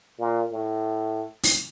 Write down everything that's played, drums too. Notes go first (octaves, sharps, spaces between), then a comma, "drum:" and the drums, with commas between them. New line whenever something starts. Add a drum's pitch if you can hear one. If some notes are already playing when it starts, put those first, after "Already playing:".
A#2
A2
drum: open hi-hat